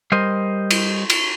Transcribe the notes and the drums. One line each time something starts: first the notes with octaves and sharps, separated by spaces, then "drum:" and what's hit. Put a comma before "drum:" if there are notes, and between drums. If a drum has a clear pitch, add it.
G3 A#4 C5 D#5
drum: cymbal
drum: cymbal